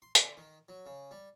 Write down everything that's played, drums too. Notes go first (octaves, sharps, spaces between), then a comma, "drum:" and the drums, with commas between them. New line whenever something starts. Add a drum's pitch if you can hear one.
C6
D3, drum: hi-hat
D#3
F#3
C#3
G3